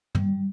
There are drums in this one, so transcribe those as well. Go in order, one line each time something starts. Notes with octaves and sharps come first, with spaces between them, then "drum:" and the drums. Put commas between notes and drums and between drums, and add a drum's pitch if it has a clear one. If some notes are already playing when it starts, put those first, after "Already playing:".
G3, drum: tom